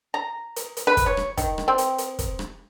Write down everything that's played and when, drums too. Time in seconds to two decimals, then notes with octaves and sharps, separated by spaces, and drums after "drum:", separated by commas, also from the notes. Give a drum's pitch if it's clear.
0.14 A#5
0.56 drum: hi-hat
0.77 drum: hi-hat
0.87 B4
0.97 drum: kick, hi-hat
1.06 C#5
1.17 drum: rim click
1.37 D#3, drum: kick, hi-hat
1.58 drum: rim click
1.68 C4
1.78 drum: hi-hat
1.98 drum: hi-hat
2.19 drum: kick, hi-hat
2.39 drum: rim click